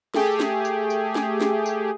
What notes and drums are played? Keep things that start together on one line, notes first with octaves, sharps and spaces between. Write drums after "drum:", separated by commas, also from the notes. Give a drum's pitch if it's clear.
A3 G4 G#4, drum: snare
drum: snare
drum: tambourine
drum: tambourine
drum: snare
drum: snare
drum: tambourine